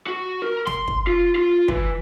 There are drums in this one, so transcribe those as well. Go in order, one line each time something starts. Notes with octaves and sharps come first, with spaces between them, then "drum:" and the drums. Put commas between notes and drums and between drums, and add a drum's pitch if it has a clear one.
F#4
A#4
C6, drum: snare
drum: kick
F4
F4
E3, drum: kick